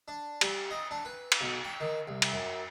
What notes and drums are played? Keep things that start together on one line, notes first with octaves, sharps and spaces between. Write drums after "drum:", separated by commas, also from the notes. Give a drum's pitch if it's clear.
D4
G3, drum: cymbal
D#5
D4
B4
drum: cymbal
B1
G5
D#3
C2
drum: cymbal
F#2